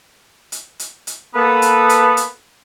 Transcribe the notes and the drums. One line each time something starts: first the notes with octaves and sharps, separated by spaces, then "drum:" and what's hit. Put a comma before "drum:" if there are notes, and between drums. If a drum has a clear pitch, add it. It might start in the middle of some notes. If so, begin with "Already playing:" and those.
drum: hi-hat
drum: hi-hat
drum: hi-hat
A#3 B3 A4 B4
drum: hi-hat
drum: hi-hat
drum: hi-hat